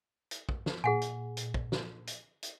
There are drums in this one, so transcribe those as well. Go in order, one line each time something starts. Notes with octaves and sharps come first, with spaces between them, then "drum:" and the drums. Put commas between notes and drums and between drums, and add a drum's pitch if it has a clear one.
drum: hi-hat
drum: kick
drum: snare
A#2 G#4 F#5 G#5
drum: hi-hat
drum: hi-hat
drum: kick
drum: snare
drum: hi-hat
drum: hi-hat